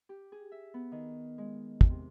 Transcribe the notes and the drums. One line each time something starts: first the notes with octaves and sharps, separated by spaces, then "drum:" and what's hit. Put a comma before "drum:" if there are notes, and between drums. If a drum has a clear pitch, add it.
G4
G#4
E5
B3
D#3
G#3
drum: kick
C3